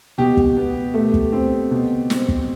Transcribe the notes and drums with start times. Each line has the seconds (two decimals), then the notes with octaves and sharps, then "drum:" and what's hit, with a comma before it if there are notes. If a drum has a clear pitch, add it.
0.18 B2 G4
0.37 drum: kick
0.57 B3
0.94 A3
1.14 drum: kick
1.32 C4
1.71 B2
2.10 C4, drum: snare
2.29 drum: kick